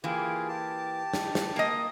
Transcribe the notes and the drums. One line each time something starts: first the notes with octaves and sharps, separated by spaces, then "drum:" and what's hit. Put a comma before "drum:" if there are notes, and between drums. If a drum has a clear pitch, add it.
E3 A#3 F4 G4 G#4
G4 A5
drum: snare
drum: snare
A#3 D#5